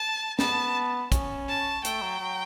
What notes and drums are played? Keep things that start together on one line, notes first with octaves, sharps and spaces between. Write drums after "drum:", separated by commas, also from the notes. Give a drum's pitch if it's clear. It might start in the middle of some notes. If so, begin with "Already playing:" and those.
Already playing: A5
B3 A5, drum: snare
C#4, drum: kick, hi-hat
A5
A3 G5, drum: hi-hat
F#3
F#3